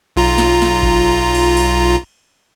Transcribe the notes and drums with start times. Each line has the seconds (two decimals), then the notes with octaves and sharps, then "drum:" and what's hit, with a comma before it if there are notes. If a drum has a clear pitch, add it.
0.16 B1 F4 A#5
0.38 drum: snare
0.62 drum: snare
0.83 drum: kick G#1
1.35 drum: cymbal
1.57 drum: open hi-hat